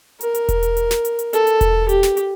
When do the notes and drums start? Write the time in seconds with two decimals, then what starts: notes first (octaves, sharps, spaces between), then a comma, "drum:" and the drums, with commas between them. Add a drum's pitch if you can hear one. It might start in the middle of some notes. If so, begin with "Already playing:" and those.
0.21 A#4, drum: hi-hat
0.35 drum: hi-hat
0.49 drum: kick E1, hi-hat
0.63 drum: hi-hat
0.77 drum: hi-hat
0.91 drum: snare
1.05 drum: hi-hat
1.19 drum: hi-hat
1.33 A4, drum: hi-hat
1.47 drum: hi-hat
1.61 drum: kick E1, hi-hat
1.89 G4, drum: hi-hat
2.03 drum: snare
2.17 drum: hi-hat